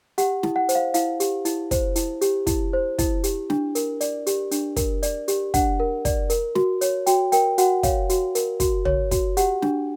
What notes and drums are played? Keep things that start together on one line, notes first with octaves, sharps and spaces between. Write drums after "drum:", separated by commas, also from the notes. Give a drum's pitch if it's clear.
G4 F#5, drum: hi-hat
E4, drum: snare
F#5
C5, drum: hi-hat
F5
E4 F5, drum: hi-hat
G4, drum: hi-hat
E4, drum: hi-hat
C5, drum: kick, hi-hat
E4, drum: hi-hat
G4, drum: hi-hat
E4, drum: kick, hi-hat
C5
E4, drum: kick, hi-hat
G4, drum: hi-hat
D4, drum: snare
A#4, drum: hi-hat
D5, drum: hi-hat
G4, drum: hi-hat
D4, drum: hi-hat
A#4, drum: kick, hi-hat
D5, drum: hi-hat
G4, drum: hi-hat
D4 F#5, drum: kick, hi-hat
A#4
D5, drum: kick, hi-hat
A#4, drum: hi-hat
F#4, drum: snare
C#5, drum: hi-hat
F#4 G5, drum: hi-hat
A#4 G5, drum: hi-hat
F#4 F#5, drum: hi-hat
C#5 F5, drum: kick, hi-hat
F#4, drum: hi-hat
A#4, drum: hi-hat
F#4, drum: kick, hi-hat
C#5, drum: tom
F#4, drum: kick, hi-hat
G4 F#5, drum: hi-hat
D4, drum: snare